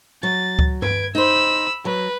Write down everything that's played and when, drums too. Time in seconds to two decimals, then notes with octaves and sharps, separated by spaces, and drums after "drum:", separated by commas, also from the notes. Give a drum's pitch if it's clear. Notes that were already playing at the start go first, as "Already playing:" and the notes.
0.23 F#3 A6
0.59 drum: kick C#2
0.82 B4 G#6 D7, drum: tom G2
1.15 D#4 C5 B5 E6
1.85 F#3 B4